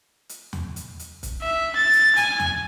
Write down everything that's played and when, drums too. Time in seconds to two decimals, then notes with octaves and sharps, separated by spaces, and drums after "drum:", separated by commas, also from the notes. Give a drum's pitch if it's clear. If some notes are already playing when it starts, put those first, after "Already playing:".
0.29 drum: hi-hat
0.53 drum: tom D#2
0.76 drum: hi-hat
0.99 drum: hi-hat
1.23 drum: kick, hi-hat
1.42 E5
1.76 A6
1.93 drum: hi-hat
2.16 G#5, drum: hi-hat
2.40 drum: tom D#2